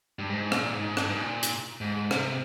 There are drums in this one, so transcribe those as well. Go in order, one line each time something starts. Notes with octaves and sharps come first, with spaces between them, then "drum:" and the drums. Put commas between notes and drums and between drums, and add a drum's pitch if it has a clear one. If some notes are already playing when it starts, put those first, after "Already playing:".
G2
G#2
A#2, drum: rim click
G#2
G2, drum: rim click
G#2
A#2
drum: hi-hat
G#2
C3, drum: rim click